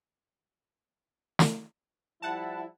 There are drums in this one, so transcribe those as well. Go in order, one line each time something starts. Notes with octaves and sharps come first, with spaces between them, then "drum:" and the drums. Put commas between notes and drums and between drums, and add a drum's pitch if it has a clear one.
drum: snare
F3 G3 E4 F#5 A5